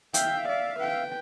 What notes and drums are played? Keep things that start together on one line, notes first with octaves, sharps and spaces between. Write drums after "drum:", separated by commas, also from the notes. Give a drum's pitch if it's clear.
E5 F5 G5, drum: hi-hat
D5
B4 G5